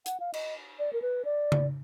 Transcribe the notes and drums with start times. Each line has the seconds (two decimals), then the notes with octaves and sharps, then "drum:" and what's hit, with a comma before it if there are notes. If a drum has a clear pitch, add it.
0.06 F#5, drum: hi-hat
0.20 F5
0.34 D#5, drum: cymbal
0.79 D5
0.93 A#4
1.02 B4
1.25 D5
1.52 drum: tom C#3